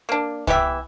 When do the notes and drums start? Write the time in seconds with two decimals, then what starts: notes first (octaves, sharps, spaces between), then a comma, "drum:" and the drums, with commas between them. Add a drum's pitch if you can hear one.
0.09 A#3 D4
0.47 E3 B3 G4 E5, drum: kick C2